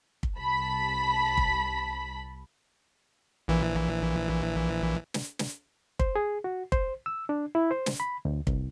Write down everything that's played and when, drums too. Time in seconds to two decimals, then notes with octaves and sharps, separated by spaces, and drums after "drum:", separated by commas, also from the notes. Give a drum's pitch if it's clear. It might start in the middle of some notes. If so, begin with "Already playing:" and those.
0.23 drum: kick
0.36 C2 A5 B5 B6
1.37 drum: kick
3.48 A#1 E3
5.14 drum: snare
5.39 drum: snare
5.99 C5, drum: kick
6.16 G#4
6.44 F#4
6.72 C5, drum: kick
7.06 E6
7.29 D4
7.55 E4
7.71 C5
7.86 drum: snare
8.00 B5
8.25 D2
8.47 C2, drum: kick